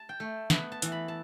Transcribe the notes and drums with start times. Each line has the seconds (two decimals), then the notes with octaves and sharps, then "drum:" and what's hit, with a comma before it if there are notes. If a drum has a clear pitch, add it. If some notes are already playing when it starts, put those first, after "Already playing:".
Already playing: A5
0.09 G5
0.20 A3
0.50 B3 B5, drum: snare
0.72 A5
0.82 E3, drum: hi-hat
0.92 B5
1.08 A5